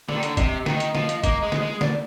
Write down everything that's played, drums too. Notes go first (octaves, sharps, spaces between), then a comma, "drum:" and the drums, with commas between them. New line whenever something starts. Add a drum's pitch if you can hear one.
D3 D5, drum: snare
D#3
D3 D5, drum: hi-hat
C3 D#5, drum: kick F#1, hi-hat
D#5
D#3 D#5, drum: snare
drum: hi-hat
F3, drum: snare
drum: hi-hat
A#3, drum: kick F#1, hi-hat
G#3
drum: snare
G#3
D5, drum: snare